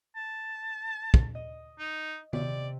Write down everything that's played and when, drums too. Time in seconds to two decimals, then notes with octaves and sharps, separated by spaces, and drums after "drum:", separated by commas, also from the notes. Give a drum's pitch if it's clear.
0.15 A5
1.14 drum: kick
1.35 D#5
1.79 D#4
2.33 C3 D5, drum: tom